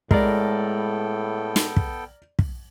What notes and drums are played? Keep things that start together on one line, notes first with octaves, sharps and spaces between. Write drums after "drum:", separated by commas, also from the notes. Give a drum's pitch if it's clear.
A2 G#3 B3 A4 A#4 D5 G5, drum: kick
drum: snare
drum: kick
drum: kick